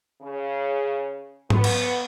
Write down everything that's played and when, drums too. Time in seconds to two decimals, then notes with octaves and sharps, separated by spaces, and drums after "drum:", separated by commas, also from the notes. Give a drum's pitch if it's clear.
0.22 C#3
1.50 B3, drum: tom G#2
1.64 drum: cymbal